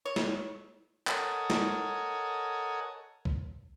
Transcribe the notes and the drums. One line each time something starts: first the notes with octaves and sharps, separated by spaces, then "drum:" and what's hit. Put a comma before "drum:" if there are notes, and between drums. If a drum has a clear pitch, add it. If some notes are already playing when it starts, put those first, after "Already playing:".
C#5
drum: snare
A4 A#4 C#5 D#5 F#5 G#5, drum: clap
drum: snare
drum: kick C2